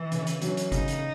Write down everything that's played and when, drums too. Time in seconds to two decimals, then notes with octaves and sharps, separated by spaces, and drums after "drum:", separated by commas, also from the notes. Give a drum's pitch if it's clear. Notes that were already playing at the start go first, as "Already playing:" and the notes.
Already playing: E3
0.12 C#3, drum: hi-hat
0.27 drum: hi-hat
0.41 F#3 C#4, drum: hi-hat
0.57 drum: hi-hat
0.72 C#3 D#4, drum: kick G1, hi-hat
0.88 drum: hi-hat